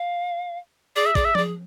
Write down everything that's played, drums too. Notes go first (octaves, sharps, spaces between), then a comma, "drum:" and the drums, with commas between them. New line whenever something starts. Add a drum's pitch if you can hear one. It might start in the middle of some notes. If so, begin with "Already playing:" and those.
Already playing: F5
G#4 D5
E5
G#4 D5, drum: kick
E5
G#4 D5, drum: tom F3